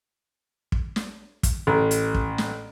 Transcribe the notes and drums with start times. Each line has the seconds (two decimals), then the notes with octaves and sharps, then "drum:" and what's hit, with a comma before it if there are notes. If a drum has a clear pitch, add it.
0.72 drum: kick
0.96 drum: snare
1.43 drum: kick, hi-hat
1.67 A1
1.91 drum: hi-hat
2.15 drum: kick
2.38 drum: snare